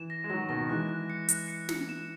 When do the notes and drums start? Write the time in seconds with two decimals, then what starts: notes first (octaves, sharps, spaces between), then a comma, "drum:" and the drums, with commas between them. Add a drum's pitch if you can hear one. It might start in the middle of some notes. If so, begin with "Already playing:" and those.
Already playing: E3 E7
0.10 A#6
0.24 G#3
0.29 D#3 F#3 A#6
0.49 B2 D#3 A#6
0.69 E3 G#3 F#6
0.89 F#6
1.10 C#7
1.29 F#6, drum: hi-hat
1.48 C#7
1.69 C#7, drum: snare
1.89 E7